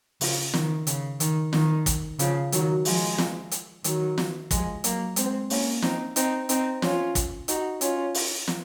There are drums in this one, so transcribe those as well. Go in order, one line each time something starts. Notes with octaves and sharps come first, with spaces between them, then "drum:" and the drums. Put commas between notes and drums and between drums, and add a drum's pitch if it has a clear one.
C#3 F3, drum: open hi-hat
D#3, drum: snare
C#3, drum: hi-hat
D#3, drum: hi-hat
D#3, drum: snare
drum: kick, hi-hat
C#3 F3, drum: hi-hat
D#3 F#3, drum: hi-hat
F3 G#3, drum: open hi-hat
drum: snare
drum: hi-hat
D#3 F#3, drum: hi-hat
drum: snare
F3 G#3, drum: kick, hi-hat
F#3 A#3, drum: hi-hat
G#3 C4, drum: hi-hat
A#3 C#4, drum: open hi-hat
C4 D#4, drum: snare
C4 D#4, drum: hi-hat
C4 D#4, drum: hi-hat
C#4 F4, drum: snare
drum: kick, hi-hat
D#4 F#4, drum: hi-hat
C#4 F4, drum: hi-hat
drum: open hi-hat
drum: snare